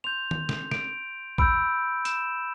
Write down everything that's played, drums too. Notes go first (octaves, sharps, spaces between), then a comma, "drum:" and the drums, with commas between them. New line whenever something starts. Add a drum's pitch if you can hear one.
C6 G6 F7
drum: tom D#3
drum: snare
D7, drum: snare
B5 E6 G6 D7, drum: kick
E7, drum: hi-hat